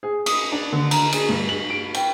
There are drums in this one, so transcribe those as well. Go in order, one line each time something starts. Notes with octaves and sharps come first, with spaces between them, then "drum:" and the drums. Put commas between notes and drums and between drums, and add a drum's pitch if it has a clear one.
G#4
D#6, drum: cymbal
D4
D3
A#5, drum: cymbal
G#4, drum: cymbal
G2
F#7
D7
G5, drum: cymbal